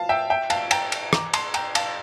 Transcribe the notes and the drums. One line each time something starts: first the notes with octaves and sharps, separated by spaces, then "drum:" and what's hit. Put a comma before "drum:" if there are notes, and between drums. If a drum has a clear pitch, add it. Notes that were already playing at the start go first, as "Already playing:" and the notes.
Already playing: F5 A5
E5 G5
E5 G5
F5 A5, drum: cymbal
G5 A#5, drum: cymbal
drum: cymbal
A#5 D6, drum: rim click
A5 C6, drum: cymbal
G5 A#5, drum: cymbal
F5 A5, drum: cymbal